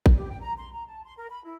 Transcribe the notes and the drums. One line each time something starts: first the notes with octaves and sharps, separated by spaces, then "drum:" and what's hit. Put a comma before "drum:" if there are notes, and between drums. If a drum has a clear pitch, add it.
drum: kick A1
G4
G5
A#5
C6
A#5
A5
C6
A#4
B5
E4